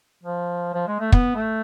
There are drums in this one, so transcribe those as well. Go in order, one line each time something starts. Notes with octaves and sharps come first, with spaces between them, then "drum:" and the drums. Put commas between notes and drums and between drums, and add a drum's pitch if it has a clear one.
F3
F3
G#3
A3
B3, drum: kick
A3